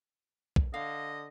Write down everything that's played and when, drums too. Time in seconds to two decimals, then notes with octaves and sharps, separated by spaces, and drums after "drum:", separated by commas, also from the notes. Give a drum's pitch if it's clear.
0.56 drum: kick
0.74 D3 D#5 F5